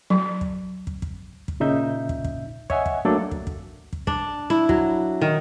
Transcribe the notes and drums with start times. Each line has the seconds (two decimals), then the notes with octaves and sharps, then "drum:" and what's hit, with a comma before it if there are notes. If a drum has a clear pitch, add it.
0.10 F#3
0.41 drum: kick
0.87 drum: kick
1.02 drum: kick
1.48 drum: kick
1.60 A#2 C#3 D#4 E5 G6
2.09 drum: kick
2.24 drum: kick
2.70 C#5 D#5 E5 F#5 G#5, drum: kick
2.86 drum: kick
3.05 F#3 A3 A#3 D4 A4 D5
3.31 drum: kick
3.47 drum: kick
3.93 drum: kick
4.07 D4, drum: kick
4.50 E4
4.69 F#3, drum: kick
5.21 D#3